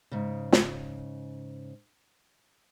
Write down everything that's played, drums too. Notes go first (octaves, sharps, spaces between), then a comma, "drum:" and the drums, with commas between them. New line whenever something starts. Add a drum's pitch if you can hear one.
G#2 C#3
drum: snare